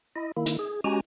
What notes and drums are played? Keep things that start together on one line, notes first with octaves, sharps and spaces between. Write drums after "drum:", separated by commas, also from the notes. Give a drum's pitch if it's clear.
E4 D#5
D#3 A#3 E4
drum: hi-hat
G#4
G#3 C#4 F#4 G4 G#5 A#5